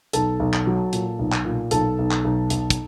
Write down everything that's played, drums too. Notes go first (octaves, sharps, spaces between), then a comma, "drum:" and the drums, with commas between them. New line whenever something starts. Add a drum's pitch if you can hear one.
B1 A4 A5, drum: hi-hat
B1
drum: clap
F#3
A#2, drum: hi-hat
B1
drum: clap
A#2
B1 A4 A5, drum: hi-hat
B1
drum: clap
B1
B1, drum: hi-hat
drum: kick, hi-hat